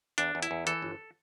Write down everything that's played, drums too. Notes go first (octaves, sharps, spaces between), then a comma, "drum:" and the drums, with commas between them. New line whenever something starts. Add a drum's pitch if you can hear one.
E2 D4, drum: hi-hat
E2
E4, drum: hi-hat
E2
E3 A4, drum: hi-hat
G1